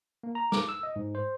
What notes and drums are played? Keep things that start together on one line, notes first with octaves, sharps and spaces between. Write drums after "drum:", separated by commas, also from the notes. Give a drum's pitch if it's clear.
A#3
A#5
D6, drum: snare
E6
D#5
G#2
C5